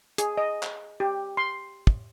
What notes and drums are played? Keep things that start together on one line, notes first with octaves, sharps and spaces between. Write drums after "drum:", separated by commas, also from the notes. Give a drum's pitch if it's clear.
G#4, drum: hi-hat
D#5
drum: clap
G4
C6
drum: kick